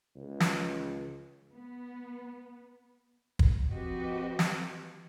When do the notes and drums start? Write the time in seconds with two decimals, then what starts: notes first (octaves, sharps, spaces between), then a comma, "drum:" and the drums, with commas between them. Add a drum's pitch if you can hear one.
0.15 C#2
0.40 drum: snare
1.53 B3
3.39 drum: kick
3.71 F3 C4 F#4 G4 B4 D#5
4.39 drum: snare